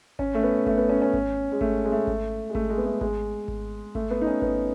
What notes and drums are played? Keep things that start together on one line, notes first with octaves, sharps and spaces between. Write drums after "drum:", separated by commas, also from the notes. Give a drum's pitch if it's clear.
C#4, drum: kick G#1
A3
B3
A3, drum: kick G#1
B3
C#4
C#4
drum: kick G#1
G#3
A3, drum: kick G#1
G#3
A3
drum: kick G#1
G#3
A3, drum: kick G#1
G#3
B3
A3
G#3, drum: kick G#1
drum: kick G#1
A3, drum: kick G#1
B3
D#4
C#4
B3, drum: kick G#1